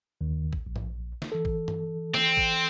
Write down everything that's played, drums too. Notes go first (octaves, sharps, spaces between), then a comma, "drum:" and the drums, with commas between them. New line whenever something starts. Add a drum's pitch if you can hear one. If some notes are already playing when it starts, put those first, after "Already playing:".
D#2 D#3
drum: kick
A#1
drum: tom G#2
drum: snare
E3 A4
drum: kick
drum: tom G2
C4, drum: snare
drum: kick